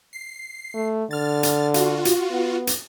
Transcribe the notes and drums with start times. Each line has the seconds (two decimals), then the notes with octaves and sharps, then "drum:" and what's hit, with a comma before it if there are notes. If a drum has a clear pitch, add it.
0.13 C7
0.74 A3
1.11 D3 F6 A6
1.43 drum: hi-hat
1.74 F4 F#4, drum: hi-hat
2.05 drum: hi-hat
2.31 B3
2.67 drum: hi-hat